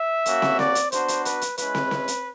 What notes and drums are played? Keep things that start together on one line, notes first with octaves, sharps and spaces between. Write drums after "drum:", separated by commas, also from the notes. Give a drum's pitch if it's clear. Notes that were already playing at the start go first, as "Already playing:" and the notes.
Already playing: E5
A#3 C#4 F#4, drum: hi-hat
drum: snare
D5, drum: snare
drum: hi-hat
B3 D4 F#4 C5, drum: hi-hat
drum: hi-hat
B4, drum: hi-hat
drum: hi-hat
G#3 C#4 E4 B4, drum: hi-hat
drum: snare
drum: snare
drum: hi-hat